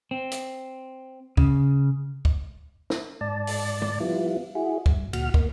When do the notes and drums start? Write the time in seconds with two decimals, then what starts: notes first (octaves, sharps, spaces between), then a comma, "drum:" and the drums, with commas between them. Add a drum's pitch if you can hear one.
0.11 C4
0.32 drum: hi-hat
1.37 C#3, drum: kick
2.25 drum: kick
2.90 drum: snare
3.21 G#2 D5 A5
3.47 drum: open hi-hat
3.82 drum: tom D3
4.00 F3 G3 B3 E4 F4
4.55 E4 F#4 G#4
4.86 G2, drum: kick
5.13 D2 A#2 F#4 F6, drum: cymbal
5.34 A#3, drum: kick